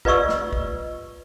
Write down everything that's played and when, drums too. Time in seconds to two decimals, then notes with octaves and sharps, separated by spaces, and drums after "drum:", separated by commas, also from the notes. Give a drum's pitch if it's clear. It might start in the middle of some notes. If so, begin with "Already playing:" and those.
0.05 F4 B4 D5 D#5 C#6 E6, drum: kick
0.29 drum: snare
0.53 drum: kick